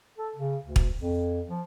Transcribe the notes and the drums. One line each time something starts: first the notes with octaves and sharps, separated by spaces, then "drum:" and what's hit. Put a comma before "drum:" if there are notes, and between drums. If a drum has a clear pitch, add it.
A4
C#3
D2
drum: kick
F2
F3